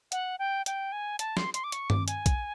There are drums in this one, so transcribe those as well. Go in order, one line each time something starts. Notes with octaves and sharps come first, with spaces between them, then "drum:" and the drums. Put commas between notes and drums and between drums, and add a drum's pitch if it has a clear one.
F#5, drum: hi-hat
G5
G5, drum: hi-hat
G#5
A5, drum: hi-hat
C6, drum: snare
C6, drum: hi-hat
D6
C#6, drum: hi-hat
D6, drum: tom G2
G#5, drum: hi-hat
drum: kick, hi-hat